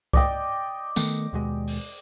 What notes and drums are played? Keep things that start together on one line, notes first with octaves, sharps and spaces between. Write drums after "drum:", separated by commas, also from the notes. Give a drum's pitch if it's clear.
D5 D#5 G5, drum: kick C2
D#3 A3 B3, drum: tambourine
D#2 B2 G#3
drum: open hi-hat